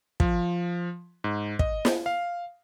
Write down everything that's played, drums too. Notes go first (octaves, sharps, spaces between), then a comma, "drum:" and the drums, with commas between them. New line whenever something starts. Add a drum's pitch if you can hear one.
F3, drum: kick
G#2
D#5, drum: kick
drum: snare
F5